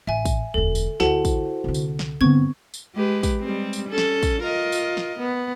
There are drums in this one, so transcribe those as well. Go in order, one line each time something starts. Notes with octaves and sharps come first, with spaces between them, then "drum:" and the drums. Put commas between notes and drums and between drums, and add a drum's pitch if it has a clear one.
A1 E5 G#5
drum: kick, tambourine
E1 D2 A4
drum: tambourine
D2 E4 F#4 A4 C5 F#5 A5, drum: snare
drum: kick, tambourine
C2 D3
drum: tambourine
drum: snare
G2 D3 B3 C4 C#6 G#6
drum: tambourine
G#3 G4 B4
drum: kick, tambourine
G3 G#3 C4
drum: tambourine
C#4 A4
drum: snare
drum: kick, tambourine
F4 A#4 D#5
drum: tambourine
drum: snare
B3